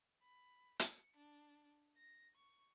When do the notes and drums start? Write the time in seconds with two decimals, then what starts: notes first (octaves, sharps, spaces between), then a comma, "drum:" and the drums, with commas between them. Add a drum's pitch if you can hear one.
0.23 B5
0.79 C#7, drum: hi-hat
1.17 D4
1.97 A#6
2.36 C#6